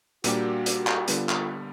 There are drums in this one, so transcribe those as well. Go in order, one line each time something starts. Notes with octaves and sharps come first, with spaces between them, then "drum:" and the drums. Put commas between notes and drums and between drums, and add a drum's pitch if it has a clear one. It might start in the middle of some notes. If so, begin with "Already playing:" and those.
A#2 G3 A#3 D4 F#4 G4, drum: hi-hat
drum: hi-hat
drum: clap
D3 G3 B3 F4, drum: hi-hat
drum: clap